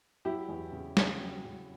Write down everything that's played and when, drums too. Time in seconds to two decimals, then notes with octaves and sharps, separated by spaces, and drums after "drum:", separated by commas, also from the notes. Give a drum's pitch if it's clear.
0.25 F#3 E4 G4
0.49 E2
0.72 C#3
0.97 C#3, drum: snare
1.20 F#3
1.44 C#3